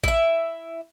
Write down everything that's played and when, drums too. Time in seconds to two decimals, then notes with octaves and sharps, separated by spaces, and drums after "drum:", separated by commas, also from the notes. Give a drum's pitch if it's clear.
0.04 E4 E5, drum: kick A1